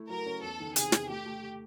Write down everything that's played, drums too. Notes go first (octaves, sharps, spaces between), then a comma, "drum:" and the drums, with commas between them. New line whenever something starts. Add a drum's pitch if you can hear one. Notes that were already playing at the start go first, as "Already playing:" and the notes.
Already playing: A3 E4
F#3 A#4
C#4
E2 A4
D#3
C3 G#4, drum: hi-hat
E2, drum: snare
A3 G4
A3